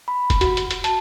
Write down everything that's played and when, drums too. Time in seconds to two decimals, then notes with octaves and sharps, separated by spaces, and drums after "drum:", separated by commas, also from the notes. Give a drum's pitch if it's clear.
0.08 B5
0.30 drum: kick, hi-hat
0.41 F#4, drum: hi-hat
0.57 drum: hi-hat
0.71 drum: hi-hat
0.84 A5, drum: hi-hat